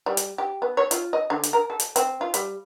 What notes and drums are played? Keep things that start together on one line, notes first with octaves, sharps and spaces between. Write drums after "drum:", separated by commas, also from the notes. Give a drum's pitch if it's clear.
G3
drum: hi-hat
G4
B3
C#5
F4, drum: hi-hat
D#5
D3
drum: hi-hat
A#4
A4
drum: hi-hat
C4, drum: hi-hat
F4
G3, drum: hi-hat